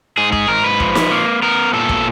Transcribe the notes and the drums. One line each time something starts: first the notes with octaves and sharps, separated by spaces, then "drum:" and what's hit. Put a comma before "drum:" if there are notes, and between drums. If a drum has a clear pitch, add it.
G#2 G#4
G#4, drum: kick
G#2 A#4
B4
F3, drum: kick
drum: snare
A#3
B3 A#4
A#2 A4
drum: kick